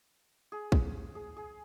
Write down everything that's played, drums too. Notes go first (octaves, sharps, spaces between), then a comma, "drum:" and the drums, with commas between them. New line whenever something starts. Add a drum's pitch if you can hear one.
G#4
drum: kick
G#4
G#4